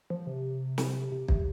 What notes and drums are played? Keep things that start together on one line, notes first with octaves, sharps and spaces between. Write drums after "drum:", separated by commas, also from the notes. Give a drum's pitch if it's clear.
F3
C3
drum: snare
C3
C3, drum: kick